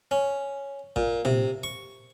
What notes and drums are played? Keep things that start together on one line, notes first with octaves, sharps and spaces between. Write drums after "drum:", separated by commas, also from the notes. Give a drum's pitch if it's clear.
C#4
A#2, drum: kick
C3, drum: tom
C#6